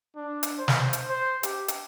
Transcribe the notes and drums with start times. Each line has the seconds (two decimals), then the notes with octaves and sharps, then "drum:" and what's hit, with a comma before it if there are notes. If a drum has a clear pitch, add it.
0.16 D4
0.43 drum: hi-hat
0.59 C5
0.68 drum: snare
0.93 drum: hi-hat
1.10 C5
1.43 G4, drum: hi-hat
1.68 drum: hi-hat